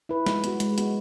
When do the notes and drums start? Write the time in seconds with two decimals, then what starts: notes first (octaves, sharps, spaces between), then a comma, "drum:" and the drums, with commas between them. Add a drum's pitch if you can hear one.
0.09 E4 B4
0.26 G#3, drum: snare
0.44 B3 F#4, drum: hi-hat
0.60 G#3, drum: hi-hat
0.78 B3 F#4, drum: hi-hat